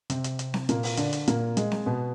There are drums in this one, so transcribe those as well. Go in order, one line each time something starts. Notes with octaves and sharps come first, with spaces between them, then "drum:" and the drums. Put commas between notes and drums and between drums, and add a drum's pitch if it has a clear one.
C3 C4, drum: hi-hat
drum: hi-hat
drum: hi-hat
drum: snare C4
A#2 A#3, drum: hi-hat
drum: open hi-hat
D3 D4, drum: hi-hat
drum: hi-hat
A#2 A#3, drum: hi-hat
G#3, drum: hi-hat
drum: snare C4
B2 B3